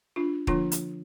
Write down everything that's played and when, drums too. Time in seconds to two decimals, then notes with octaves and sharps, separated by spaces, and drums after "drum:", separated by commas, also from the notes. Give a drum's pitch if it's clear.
0.16 D4 F4
0.47 D3 F3 A#3 D4 F4, drum: kick D#1
0.72 drum: hi-hat